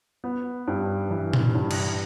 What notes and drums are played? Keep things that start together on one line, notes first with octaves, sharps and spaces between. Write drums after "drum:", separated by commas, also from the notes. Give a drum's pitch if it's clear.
B3
G2
E3
drum: tom A#2
G2
drum: cymbal